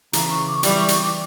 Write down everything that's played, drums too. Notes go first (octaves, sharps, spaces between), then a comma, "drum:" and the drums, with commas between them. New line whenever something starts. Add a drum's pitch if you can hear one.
C#3 E3 A#5, drum: hi-hat
C#6
D6
C#6
E3 G3 D6, drum: hi-hat
C#6
C#6, drum: hi-hat
D6